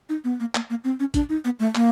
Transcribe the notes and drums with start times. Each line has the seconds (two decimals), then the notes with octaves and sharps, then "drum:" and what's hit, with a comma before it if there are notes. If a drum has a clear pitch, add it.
0.09 D#4
0.24 B3
0.40 A#3
0.55 A#3, drum: clap
0.70 A#3
0.84 C4
1.00 C#4
1.14 D4, drum: kick, hi-hat
1.29 D#4
1.45 B3
1.59 A3
1.75 A#3, drum: clap